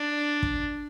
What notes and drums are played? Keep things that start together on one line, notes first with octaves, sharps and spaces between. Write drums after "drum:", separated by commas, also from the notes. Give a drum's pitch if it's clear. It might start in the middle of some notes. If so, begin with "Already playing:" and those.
Already playing: D4
drum: kick